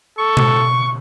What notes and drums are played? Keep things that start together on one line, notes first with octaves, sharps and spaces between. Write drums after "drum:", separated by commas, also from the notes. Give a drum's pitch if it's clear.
A4 C#6
drum: tom B2